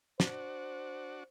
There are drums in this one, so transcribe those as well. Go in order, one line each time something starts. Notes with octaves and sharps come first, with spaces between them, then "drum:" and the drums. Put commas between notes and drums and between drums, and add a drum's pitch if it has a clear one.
D4 F#4 C5, drum: snare